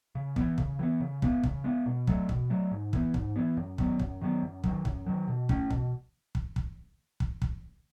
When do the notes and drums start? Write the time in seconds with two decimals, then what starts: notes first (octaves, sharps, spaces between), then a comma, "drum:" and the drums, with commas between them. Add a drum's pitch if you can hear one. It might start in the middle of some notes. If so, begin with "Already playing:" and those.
0.15 C#3
0.36 E3 B3, drum: kick
0.58 C#3, drum: kick
0.79 E3 B3
1.00 C#3
1.22 G#3 B3, drum: kick
1.43 C#3, drum: kick
1.64 G#3 B3
1.86 B2
2.07 F#3 A3, drum: kick
2.29 B2, drum: kick
2.50 F#3 A3
2.71 G#2
2.93 E3 B3, drum: kick
3.14 G#2, drum: kick
3.36 E3 B3
3.57 F#2
3.78 D#3 F#3 B3, drum: kick
3.99 F#2, drum: kick
4.21 D#3 F#3 B3
4.43 F#2
4.64 D#3 F#3, drum: kick
4.85 F#2, drum: kick
5.06 D#3 F#3
5.28 B2
5.49 A3 C#4, drum: kick
5.70 B2, drum: kick
6.35 drum: kick
6.56 drum: kick
7.20 drum: kick
7.42 drum: kick